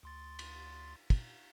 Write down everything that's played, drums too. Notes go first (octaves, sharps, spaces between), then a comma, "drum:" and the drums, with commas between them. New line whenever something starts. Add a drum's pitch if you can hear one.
D2 C6 A6
drum: cymbal
drum: kick, cymbal